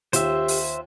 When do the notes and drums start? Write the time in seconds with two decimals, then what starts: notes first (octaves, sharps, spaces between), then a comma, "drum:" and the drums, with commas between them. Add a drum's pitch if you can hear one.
0.13 D#2 F4 G4 C5 E5, drum: hi-hat
0.48 drum: open hi-hat